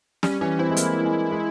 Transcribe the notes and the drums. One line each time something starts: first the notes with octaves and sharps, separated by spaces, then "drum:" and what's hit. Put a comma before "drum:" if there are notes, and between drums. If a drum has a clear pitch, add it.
G3 C#4, drum: snare
E3 C#4
C4 E4
G#3
A#3, drum: hi-hat
G#3
G#3